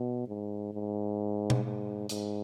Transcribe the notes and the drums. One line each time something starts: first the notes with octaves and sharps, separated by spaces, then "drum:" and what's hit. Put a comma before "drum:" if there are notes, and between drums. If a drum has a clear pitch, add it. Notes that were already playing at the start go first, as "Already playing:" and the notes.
Already playing: B2
G#2
G#2
drum: tom B2
G#2
G#2, drum: hi-hat